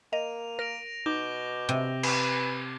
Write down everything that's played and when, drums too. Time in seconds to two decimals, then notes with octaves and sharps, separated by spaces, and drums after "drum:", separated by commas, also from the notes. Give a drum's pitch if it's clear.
0.13 A#3 D#5 D#7 F7
0.59 A#4 A#6 D7 F7
1.06 B2 D#4 D6 G6 G7
1.69 C3
2.03 B4, drum: cymbal